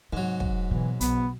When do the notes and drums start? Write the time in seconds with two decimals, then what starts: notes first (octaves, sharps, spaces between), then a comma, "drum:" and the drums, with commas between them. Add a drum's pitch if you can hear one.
0.13 G#2 C3 F#3
0.40 drum: kick
0.71 B2 E3
1.01 B1 B3, drum: hi-hat